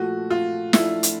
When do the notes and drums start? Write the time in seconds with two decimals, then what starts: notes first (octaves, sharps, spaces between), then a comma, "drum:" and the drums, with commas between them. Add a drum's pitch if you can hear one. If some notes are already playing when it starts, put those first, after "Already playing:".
Already playing: A#2 F3 A3 F#4
0.30 F4
0.73 F3 A3 D4 E4, drum: snare
1.03 drum: hi-hat